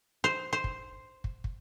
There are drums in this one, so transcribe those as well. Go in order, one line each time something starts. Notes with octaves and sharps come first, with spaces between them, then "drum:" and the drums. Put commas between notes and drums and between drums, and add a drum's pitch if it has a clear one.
C5
C5
drum: kick
drum: kick
drum: kick